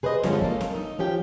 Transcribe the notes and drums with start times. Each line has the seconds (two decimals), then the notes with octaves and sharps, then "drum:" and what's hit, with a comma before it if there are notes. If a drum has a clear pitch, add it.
0.03 G#4 B4 C5 D5 D#5
0.23 G2 D3 F3 G#3 C#4, drum: snare
0.41 A#3 C#4 A4, drum: kick
0.61 drum: snare
0.75 D#4
0.99 F3 C#4 G4 G5